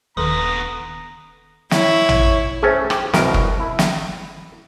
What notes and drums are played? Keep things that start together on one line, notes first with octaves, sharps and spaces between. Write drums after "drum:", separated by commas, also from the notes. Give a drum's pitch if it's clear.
D#1 D3 D#3 B3 A4 B4 A#5
E4 C#5, drum: snare
drum: tom A1
A3 C#4 G#4 C5 E5
G4, drum: rim click
C2 B2 A#4, drum: snare
drum: kick
E4
drum: snare